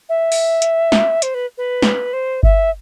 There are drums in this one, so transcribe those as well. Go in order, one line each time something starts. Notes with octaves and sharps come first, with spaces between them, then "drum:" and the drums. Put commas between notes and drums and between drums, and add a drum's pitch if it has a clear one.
E5
drum: open hi-hat
drum: hi-hat
drum: snare
C5, drum: hi-hat
B4
B4
drum: snare
C5
E5, drum: kick G1